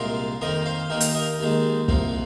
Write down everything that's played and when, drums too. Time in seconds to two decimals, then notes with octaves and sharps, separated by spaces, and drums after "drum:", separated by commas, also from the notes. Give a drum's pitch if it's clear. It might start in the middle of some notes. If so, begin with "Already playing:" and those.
Already playing: C2 A#2 G#3 F4 A#4
0.41 F2 D#3 A#3 A#4 D#5
0.66 C5 F5
0.90 D#2 D#3 A#3 A#4 D#5
1.01 drum: hi-hat
1.15 A#4 D#5
1.39 D#2 D#3 G#3
1.88 C2 A#2 F3 A#3, drum: kick